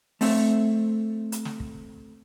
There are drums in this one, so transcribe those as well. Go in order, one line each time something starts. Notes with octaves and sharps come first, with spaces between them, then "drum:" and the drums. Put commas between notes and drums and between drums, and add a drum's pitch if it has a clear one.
A3 C4 E5, drum: open hi-hat
drum: hi-hat
drum: snare
drum: kick